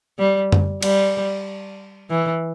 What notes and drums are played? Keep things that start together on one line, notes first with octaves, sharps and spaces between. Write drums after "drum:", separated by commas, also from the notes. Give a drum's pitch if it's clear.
G3
drum: tom F#2
G3, drum: cymbal
E3